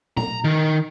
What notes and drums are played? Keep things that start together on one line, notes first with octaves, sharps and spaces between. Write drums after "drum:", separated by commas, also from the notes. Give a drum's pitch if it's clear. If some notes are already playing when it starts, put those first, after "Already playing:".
A#5, drum: tom A#2
D#3